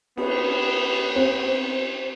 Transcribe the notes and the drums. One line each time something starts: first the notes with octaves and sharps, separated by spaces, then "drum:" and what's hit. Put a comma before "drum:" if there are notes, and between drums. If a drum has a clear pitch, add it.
B3, drum: cymbal
C4